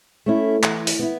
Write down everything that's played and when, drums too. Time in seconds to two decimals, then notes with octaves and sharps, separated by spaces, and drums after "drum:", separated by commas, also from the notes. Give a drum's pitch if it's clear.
0.26 A3 C#4 E4
0.63 E3, drum: clap
0.87 drum: open hi-hat
0.99 B3 E4